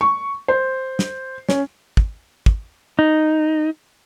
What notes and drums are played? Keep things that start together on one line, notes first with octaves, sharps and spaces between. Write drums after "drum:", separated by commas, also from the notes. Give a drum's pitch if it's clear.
C#6
C5
drum: snare
C#4, drum: snare
drum: kick
drum: kick
D#4